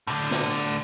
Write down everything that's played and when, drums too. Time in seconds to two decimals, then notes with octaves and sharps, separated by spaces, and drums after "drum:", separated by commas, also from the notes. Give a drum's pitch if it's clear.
0.07 A2 D3, drum: hi-hat
0.31 drum: snare